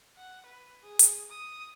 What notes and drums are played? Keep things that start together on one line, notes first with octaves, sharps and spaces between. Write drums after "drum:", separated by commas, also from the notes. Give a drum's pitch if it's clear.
F#5
B4
G#4
drum: hi-hat
D#6